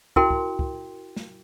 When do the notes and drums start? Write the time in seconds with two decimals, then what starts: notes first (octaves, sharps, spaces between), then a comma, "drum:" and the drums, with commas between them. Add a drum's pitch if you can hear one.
0.16 E4 F#4 A#4 G5 C6, drum: kick
0.30 drum: kick
0.59 drum: kick
1.16 drum: snare